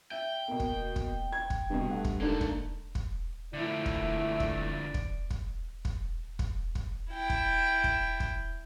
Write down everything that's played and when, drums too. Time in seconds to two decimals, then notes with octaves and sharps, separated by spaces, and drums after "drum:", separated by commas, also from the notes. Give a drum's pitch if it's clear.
0.11 E5 G5
0.48 B2 A#3
0.60 drum: kick
0.96 drum: kick
1.33 G#6
1.50 drum: kick
1.70 C2 G2 B2
1.87 A3 F#5
2.04 drum: kick
2.21 G#2 D3 A#3 A4
2.41 drum: kick
2.95 drum: kick
3.53 D3 F3 A3 D4 E4 D5
3.86 drum: kick
4.40 drum: kick
4.94 drum: kick
5.30 drum: kick
5.85 drum: kick
6.39 drum: kick
6.75 drum: kick
7.11 E4 G5
7.30 drum: kick
7.84 drum: kick
8.20 drum: kick